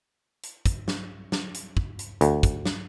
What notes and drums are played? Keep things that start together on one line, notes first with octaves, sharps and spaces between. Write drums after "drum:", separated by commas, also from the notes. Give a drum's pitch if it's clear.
drum: hi-hat
drum: kick, hi-hat
drum: snare
drum: snare
drum: hi-hat
drum: kick
drum: hi-hat
D2, drum: hi-hat
drum: kick, hi-hat
drum: snare